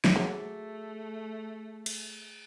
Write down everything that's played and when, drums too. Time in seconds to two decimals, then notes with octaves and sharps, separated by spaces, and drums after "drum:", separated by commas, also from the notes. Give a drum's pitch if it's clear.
0.04 drum: snare
0.16 F#3 A3 G#4
1.86 drum: cymbal